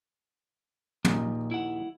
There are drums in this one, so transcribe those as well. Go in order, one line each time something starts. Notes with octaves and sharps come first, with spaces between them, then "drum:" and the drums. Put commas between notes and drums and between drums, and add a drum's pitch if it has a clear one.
A#1 D#2 A#2 D#4, drum: tom
E4 F#5